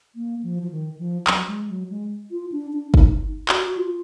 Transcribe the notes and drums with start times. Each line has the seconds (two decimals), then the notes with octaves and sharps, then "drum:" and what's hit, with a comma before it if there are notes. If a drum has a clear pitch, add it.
0.15 A#3
0.43 F3
0.62 F3
0.71 D#3
0.99 F3
1.27 F#3, drum: clap
1.47 G#3
1.69 F#3
1.90 G#3
2.31 F4
2.52 D4
2.73 D4
2.94 D#4, drum: kick
3.49 F#4, drum: clap
3.66 F#4
3.77 F4